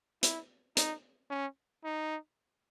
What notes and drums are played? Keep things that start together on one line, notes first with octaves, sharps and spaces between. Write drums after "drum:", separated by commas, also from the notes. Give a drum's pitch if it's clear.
E4, drum: hi-hat
D#4, drum: hi-hat
C#4
D#4